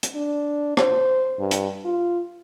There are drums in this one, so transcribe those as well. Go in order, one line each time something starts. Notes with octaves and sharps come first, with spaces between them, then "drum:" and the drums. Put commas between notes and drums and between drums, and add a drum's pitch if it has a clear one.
drum: hi-hat
D4
C5, drum: rim click
G2
drum: hi-hat
F4